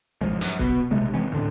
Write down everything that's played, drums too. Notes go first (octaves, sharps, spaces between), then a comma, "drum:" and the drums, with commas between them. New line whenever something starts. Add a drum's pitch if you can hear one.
G#1 F2 F3 G#3
F#2, drum: hi-hat
B2, drum: kick C#1
A#1 C3 G#3 A3
E3 G#3 C4 C#4
D2 A2 D3 D4